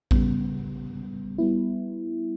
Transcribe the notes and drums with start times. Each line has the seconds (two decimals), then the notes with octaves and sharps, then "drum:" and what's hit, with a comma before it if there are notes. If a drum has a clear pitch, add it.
0.11 C#3 G3 B3, drum: kick A1
1.38 G3 B3 E4